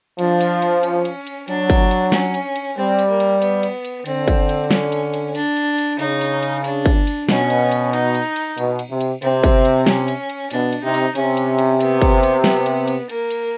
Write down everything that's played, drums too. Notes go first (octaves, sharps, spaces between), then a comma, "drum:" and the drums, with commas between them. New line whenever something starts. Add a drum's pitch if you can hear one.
F3 D4, drum: cymbal
drum: cymbal
drum: cymbal
C#4, drum: cymbal
drum: cymbal
drum: cymbal
F#3 D4, drum: cymbal
drum: kick, cymbal
drum: cymbal
C#4, drum: snare
drum: cymbal
drum: cymbal
G3 C4
drum: cymbal
A#3
drum: cymbal
B3, drum: cymbal
drum: cymbal
drum: cymbal
D3 C4, drum: cymbal
drum: kick, cymbal
drum: cymbal
C#4, drum: snare
drum: cymbal
drum: cymbal
D4, drum: cymbal
drum: cymbal
drum: cymbal
C#3 D#4, drum: cymbal
drum: cymbal
drum: cymbal
D4, drum: cymbal
drum: kick, cymbal
drum: cymbal
B2 C#4, drum: snare
drum: cymbal
drum: cymbal
D#4, drum: cymbal
drum: cymbal
drum: cymbal
B2, drum: cymbal
drum: cymbal
C3
drum: cymbal
C3 C4, drum: cymbal
drum: kick, cymbal
drum: cymbal
C#4, drum: snare
drum: cymbal
drum: cymbal
B2 D4, drum: cymbal
drum: cymbal
C3 D#4
drum: cymbal
C3 C#4, drum: cymbal
drum: cymbal
drum: cymbal
B3, drum: cymbal
drum: kick, cymbal
drum: cymbal
B3, drum: snare
drum: cymbal
drum: cymbal
A#3, drum: cymbal
drum: cymbal